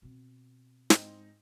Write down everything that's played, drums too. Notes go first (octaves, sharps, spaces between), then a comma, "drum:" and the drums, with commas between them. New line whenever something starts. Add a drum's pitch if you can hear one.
B2 C4
G#2 C4 D#4, drum: snare